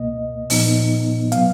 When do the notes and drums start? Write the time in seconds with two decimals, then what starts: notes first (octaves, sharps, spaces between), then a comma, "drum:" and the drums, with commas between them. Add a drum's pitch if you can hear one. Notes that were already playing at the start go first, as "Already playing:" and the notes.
Already playing: C#2 B2 A#3 D#5
0.50 A#2 F3 B3 D#4, drum: open hi-hat
1.32 B2 F#3 B3 F5, drum: hi-hat